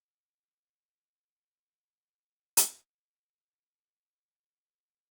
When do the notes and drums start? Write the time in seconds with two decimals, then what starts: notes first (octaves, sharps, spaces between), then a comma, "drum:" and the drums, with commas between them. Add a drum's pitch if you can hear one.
0.14 C#4 F5 G5 G#5
2.57 drum: hi-hat
3.72 C4 A5
4.85 C#4 F4 A4 E5 G#6